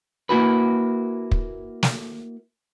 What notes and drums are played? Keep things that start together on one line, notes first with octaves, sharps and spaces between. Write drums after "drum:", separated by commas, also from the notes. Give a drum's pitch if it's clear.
A#3 E4 F#4 B4
drum: kick
drum: snare